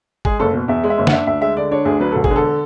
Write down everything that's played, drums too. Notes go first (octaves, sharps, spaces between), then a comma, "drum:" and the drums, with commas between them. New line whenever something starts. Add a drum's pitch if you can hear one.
G#3 G#4, drum: kick
F#1 A4
B2
E2 E5
G#3
E5
F#1
F#5, drum: snare
D4 E5
D2 E5
G#3 E5
D3 D5
D4 C#5
D2 G#4
F#3 B4
E1 A4
G#4, drum: kick
D3
A4